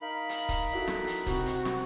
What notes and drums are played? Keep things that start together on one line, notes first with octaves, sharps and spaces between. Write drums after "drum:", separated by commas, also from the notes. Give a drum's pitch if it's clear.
D#4 A#4 F5 B5
drum: hi-hat
drum: kick C#1, hi-hat
E4 F#4 A4
drum: snare
drum: hi-hat
C3 F#4, drum: kick C#1, hi-hat
drum: hi-hat
drum: snare